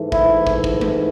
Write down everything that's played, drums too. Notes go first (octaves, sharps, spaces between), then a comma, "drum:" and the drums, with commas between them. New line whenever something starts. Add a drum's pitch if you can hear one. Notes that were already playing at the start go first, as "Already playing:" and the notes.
Already playing: G#2 E3 A3
E4, drum: kick
drum: kick
drum: kick
drum: tom G#3